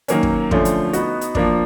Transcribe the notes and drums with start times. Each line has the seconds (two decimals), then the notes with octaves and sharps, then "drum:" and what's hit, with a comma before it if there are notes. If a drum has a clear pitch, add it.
0.08 D#3 F#3 A#3 C#4, drum: hi-hat
0.23 drum: kick
0.51 D3 F3 A3 C#4, drum: kick
0.65 drum: hi-hat
0.93 B3 D#4 F#4, drum: hi-hat
1.21 drum: hi-hat
1.35 F3 A#3 D4, drum: kick